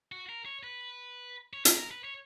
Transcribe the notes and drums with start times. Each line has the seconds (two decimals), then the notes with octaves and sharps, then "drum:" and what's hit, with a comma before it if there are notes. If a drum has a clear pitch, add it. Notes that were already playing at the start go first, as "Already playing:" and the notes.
0.12 F#4
0.29 A#4
0.46 C#5
0.63 B4
1.53 C#5
1.65 B4, drum: hi-hat
1.78 A#4
1.91 B4
2.04 C#5